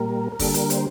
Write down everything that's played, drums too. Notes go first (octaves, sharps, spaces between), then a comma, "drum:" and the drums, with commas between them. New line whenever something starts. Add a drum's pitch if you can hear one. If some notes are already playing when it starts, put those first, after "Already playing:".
Already playing: A#2 G3 A#3 A#4
A#4
D3 G3 A#3 A4, drum: kick, open hi-hat
A#4, drum: hi-hat
C5, drum: hi-hat